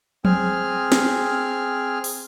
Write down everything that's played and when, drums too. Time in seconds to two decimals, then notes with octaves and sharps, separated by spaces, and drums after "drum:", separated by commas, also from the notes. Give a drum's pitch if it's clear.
0.25 C4 G#4 F6, drum: tom F3
0.92 drum: snare
2.04 drum: open hi-hat